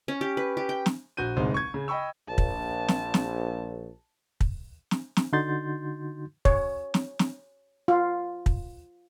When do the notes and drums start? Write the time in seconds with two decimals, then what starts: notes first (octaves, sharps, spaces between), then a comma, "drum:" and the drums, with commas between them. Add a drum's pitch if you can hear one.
0.08 C#4
0.21 G4
0.37 B4
0.57 G4
0.69 G5
0.86 drum: snare
1.17 A#1 F#4 G6 D#7
1.36 D1 C2 G#3 D#4 C5
1.54 C#6 G#6
1.74 C#3
1.88 D#5 G5 B5 C#6 E6
2.28 A#1 A5
2.38 drum: kick
2.88 drum: snare
3.14 drum: snare
4.41 drum: kick
4.91 drum: snare
5.17 drum: snare
5.33 D3 D#4 F#4 C6 G6 A6
6.45 C#5, drum: kick
6.94 drum: snare
7.19 drum: snare
7.88 F4
8.46 drum: kick